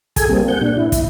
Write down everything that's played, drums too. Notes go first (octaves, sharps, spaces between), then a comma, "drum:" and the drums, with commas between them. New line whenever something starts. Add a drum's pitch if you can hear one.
G#4 A4 G#5, drum: kick, hi-hat
G3 A#3 C4
F#5 G6
A#2 D4
E4
drum: kick, hi-hat